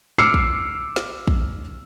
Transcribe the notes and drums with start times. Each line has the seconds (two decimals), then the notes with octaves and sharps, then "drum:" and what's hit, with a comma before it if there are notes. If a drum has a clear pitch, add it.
0.18 D6 E6 F6 C7 C#7
0.34 drum: kick
0.96 drum: snare
1.27 drum: kick